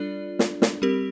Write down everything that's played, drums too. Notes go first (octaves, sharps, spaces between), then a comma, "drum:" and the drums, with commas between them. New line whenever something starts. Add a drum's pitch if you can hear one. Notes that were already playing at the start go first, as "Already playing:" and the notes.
Already playing: G3 D4 F4 A4 D5
drum: snare
drum: snare
G3 C4 G4 A#4